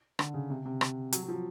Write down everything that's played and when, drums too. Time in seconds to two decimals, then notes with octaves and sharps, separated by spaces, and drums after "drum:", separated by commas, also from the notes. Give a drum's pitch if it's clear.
0.19 D3, drum: rim click
0.34 C#3
0.50 C3
0.65 C3
0.81 drum: rim click
1.12 F#3, drum: hi-hat
1.23 F#3
1.28 F3
1.34 F#3